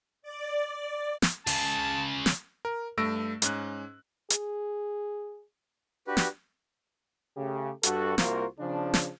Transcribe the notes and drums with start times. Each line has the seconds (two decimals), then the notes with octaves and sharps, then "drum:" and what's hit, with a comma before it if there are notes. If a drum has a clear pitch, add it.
0.22 D5
1.22 drum: snare
1.47 C#2 C#3 A5, drum: open hi-hat
2.26 drum: snare
2.65 A#4
2.98 G2 A3 E6 A#6 D7
3.42 G#2 C#4 F#6, drum: hi-hat
4.30 G#4, drum: hi-hat
6.07 D4 F#4 G4 B4
6.17 drum: snare
7.37 C#3 A3 G4
7.83 G2 F#4 A4, drum: hi-hat
8.18 C2 A#3 F4 F#4 A#4 C5, drum: snare
8.59 C#3 F3 D4
8.94 drum: snare